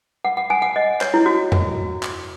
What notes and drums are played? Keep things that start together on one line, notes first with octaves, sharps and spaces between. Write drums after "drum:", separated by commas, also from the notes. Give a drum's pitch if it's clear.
F#5
F#5
G#5
F#5
D#5
C#5, drum: clap
E4
F#4
drum: tom E2
drum: clap